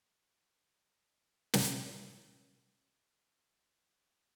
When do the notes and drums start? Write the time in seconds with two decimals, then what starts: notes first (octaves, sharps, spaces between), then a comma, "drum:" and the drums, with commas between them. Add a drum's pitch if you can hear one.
0.09 F5 D6
0.29 C#4 D4 A4 A#4
0.41 F#4 A4 C5
0.54 G5
0.74 B5 F6 F#6
1.01 C3 G#3
1.54 drum: snare
3.54 A3 A#3 D#4 G#4